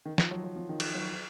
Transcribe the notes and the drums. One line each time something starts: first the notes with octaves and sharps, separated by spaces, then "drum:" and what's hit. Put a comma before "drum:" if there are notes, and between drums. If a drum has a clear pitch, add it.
D#3
F3, drum: snare
F#3
F#3
F3
D#3
drum: cymbal
F#3